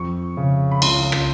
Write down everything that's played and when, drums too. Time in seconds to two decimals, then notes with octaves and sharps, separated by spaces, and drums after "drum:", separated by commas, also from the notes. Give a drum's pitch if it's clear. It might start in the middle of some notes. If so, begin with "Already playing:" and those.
Already playing: F2 C#6
0.37 C#3
0.71 B5
0.82 C#2 C6, drum: cymbal
1.12 drum: rim click